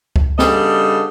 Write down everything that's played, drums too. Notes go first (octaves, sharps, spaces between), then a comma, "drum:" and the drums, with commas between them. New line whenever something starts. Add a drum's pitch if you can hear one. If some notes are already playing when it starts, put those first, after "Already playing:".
drum: kick C#2
C#3 G3 B3 D4 A4 D#5, drum: snare